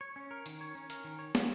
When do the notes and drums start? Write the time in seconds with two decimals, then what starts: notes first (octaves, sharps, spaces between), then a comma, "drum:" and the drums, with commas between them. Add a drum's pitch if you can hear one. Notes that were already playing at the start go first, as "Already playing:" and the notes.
0.01 C#5
0.16 C#4
0.31 A#4
0.46 D#3, drum: hi-hat
0.61 C#5
0.75 C#4
0.90 A#4, drum: hi-hat
1.04 D#3
1.19 C#5
1.35 C#4, drum: snare